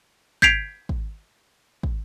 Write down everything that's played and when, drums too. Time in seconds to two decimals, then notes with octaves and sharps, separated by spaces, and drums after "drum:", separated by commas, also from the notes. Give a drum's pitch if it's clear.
0.42 G6 G#6 B6 C7 D7 F7, drum: kick
0.89 drum: kick
1.83 drum: kick